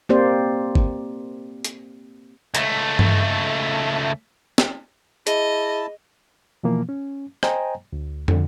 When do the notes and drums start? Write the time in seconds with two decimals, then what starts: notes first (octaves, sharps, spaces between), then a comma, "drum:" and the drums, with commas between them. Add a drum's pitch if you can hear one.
0.09 A#3 C4 G4 C5 D5
0.75 drum: kick
1.65 drum: hi-hat
2.55 C#2 A3, drum: hi-hat
2.99 drum: tom G2
4.58 drum: snare
5.27 E4 G#4 D#5 A5, drum: hi-hat
6.63 B2 E3 F3 A#3
6.89 C#4
7.43 C5 D#5 G5 G#5 A#5, drum: rim click
7.93 D2
8.28 F2 D3, drum: tom